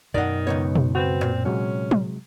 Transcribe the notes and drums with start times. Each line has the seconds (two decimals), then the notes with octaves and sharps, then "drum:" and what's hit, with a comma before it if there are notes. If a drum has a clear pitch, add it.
0.14 F#2 B2 D#3 D5 F#5
0.47 C#2 C#3 B3 D#4 C#5
0.75 drum: tom
0.95 C4 F#4 B4
1.23 A#2
1.45 C3 F#3 G#3 C#4
1.91 drum: tom